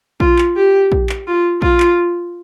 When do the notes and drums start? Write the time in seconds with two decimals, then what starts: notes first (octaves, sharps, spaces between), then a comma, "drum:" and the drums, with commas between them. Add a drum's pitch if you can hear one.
0.20 F4, drum: kick A#1
0.38 drum: clap
0.56 G4
0.92 drum: kick A#1
1.09 drum: clap
1.27 F4
1.62 F4, drum: kick A#1
1.80 drum: clap